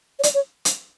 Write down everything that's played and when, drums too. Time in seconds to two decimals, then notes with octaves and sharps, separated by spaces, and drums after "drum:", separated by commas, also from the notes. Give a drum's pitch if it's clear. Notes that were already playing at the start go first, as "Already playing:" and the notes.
0.19 C#5
0.23 D5, drum: hi-hat
0.34 C#5
0.65 drum: hi-hat